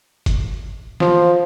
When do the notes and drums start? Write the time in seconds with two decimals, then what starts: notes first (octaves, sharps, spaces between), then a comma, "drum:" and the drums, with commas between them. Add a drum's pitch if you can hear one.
0.26 drum: kick, hi-hat
1.00 F3, drum: snare